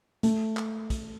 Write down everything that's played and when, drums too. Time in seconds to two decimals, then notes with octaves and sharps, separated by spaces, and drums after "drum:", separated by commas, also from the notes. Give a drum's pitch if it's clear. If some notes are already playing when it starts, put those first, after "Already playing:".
0.23 A3, drum: hi-hat
0.57 drum: clap
0.90 drum: kick, hi-hat